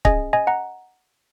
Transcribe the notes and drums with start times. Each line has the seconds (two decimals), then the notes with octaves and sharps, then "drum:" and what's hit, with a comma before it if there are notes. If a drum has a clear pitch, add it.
0.05 C#4 G#4 D#5 G#5, drum: kick C#1
0.33 D#5 G#5
0.47 F#5 A#5